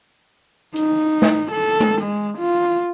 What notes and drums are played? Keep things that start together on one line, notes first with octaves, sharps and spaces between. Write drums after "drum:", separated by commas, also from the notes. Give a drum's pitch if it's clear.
D#4, drum: hi-hat
drum: snare
A4
drum: tom G#3
G#3
F4